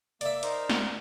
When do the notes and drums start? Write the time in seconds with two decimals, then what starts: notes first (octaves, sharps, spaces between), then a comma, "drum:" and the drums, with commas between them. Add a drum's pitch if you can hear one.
0.21 A#3 D5 E5, drum: hi-hat
0.43 D#4 A#4 C5, drum: hi-hat
0.69 drum: snare